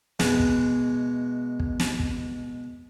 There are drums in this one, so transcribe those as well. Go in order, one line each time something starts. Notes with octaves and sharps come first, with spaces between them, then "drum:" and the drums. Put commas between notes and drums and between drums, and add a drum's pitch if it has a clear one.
B2 E3 G#3 G#4, drum: snare
drum: kick
drum: kick
drum: snare
drum: kick